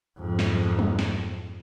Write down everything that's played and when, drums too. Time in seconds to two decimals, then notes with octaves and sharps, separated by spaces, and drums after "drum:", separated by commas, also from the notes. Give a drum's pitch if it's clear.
0.19 F2 G#2
0.39 drum: snare
0.79 drum: tom
0.99 drum: snare